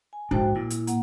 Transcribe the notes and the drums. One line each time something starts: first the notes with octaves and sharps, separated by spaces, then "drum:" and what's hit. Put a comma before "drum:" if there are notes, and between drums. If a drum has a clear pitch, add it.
G#5
A#1 G#2 D4 F#4 C5 G5, drum: kick
A#2 E4
drum: hi-hat
A#3 F#5, drum: hi-hat